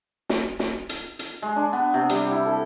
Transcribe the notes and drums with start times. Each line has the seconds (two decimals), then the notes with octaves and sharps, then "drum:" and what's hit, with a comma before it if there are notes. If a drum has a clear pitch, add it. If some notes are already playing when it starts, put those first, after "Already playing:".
0.29 drum: snare
0.59 drum: snare
0.89 drum: hi-hat
1.19 drum: hi-hat
1.42 G#3
1.56 D4
1.73 B3
1.94 C3
2.09 G3, drum: hi-hat
2.31 E4
2.45 A4